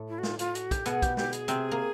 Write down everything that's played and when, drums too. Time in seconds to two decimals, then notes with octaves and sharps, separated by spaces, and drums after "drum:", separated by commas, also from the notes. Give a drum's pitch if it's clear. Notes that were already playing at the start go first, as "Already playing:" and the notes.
Already playing: A2 A3
0.09 E4
0.19 F#4
0.23 F4, drum: snare
0.39 F4, drum: hi-hat
0.55 F#4, drum: hi-hat
0.71 G4, drum: kick, hi-hat
0.86 B2 B3 G#4, drum: hi-hat
1.02 G4, drum: kick, hi-hat
1.17 G4, drum: snare
1.32 G#4, drum: hi-hat
1.48 C3 C4, drum: hi-hat
1.72 A#3